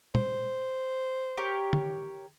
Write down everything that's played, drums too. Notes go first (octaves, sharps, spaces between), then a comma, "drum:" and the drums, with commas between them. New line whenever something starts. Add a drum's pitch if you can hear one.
C5, drum: tom
G4 A#4 C#5
drum: tom